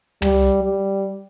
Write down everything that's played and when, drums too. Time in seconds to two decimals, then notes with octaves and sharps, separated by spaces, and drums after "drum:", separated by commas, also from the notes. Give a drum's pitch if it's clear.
0.22 G3, drum: tom
0.63 G3